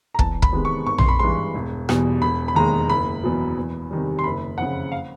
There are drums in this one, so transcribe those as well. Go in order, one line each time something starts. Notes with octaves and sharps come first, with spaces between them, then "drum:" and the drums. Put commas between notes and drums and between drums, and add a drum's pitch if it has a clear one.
A#5
E2 A5, drum: kick
B5, drum: kick
C3 D#3 G#3 B3
C#6
G#1 C#6
C6, drum: tom A#1
B5
G2 E3 G#3 C6
E1
E2 B2 G3, drum: rim click
E1 B5
B5
D#2 D#3 G#3 A#5
F#1 B5
E2 B2 F#3
E2
C3 D#3 G3
C6
F#1 B5
F2 C#3 F#5
F5